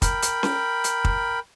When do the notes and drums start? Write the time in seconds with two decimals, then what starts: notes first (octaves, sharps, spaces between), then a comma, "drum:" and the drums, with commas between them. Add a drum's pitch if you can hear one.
0.02 A#4 G5 B5, drum: kick, hi-hat
0.22 drum: hi-hat
0.43 drum: snare C#4
0.84 drum: hi-hat
1.05 drum: kick